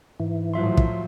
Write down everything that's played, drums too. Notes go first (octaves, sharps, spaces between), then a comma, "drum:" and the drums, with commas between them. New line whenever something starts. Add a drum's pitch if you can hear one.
G#2 E3
A2 F3 F#3 F4 E5 C6
drum: kick